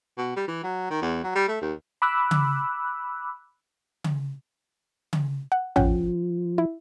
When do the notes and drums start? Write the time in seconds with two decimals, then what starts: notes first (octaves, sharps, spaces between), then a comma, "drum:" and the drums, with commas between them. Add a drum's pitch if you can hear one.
0.17 B2
0.36 G3
0.48 E3
0.63 F#3
0.90 D#3
1.02 E2
1.24 F#3
1.35 G3
1.48 A3
1.61 D#2
2.02 B5 D6 E6 F#6
2.31 drum: tom C#3
4.04 drum: tom C#3
5.13 drum: tom C#3
5.52 F#5
5.76 F3 C#4 F#5 G5, drum: tom A1
6.58 E4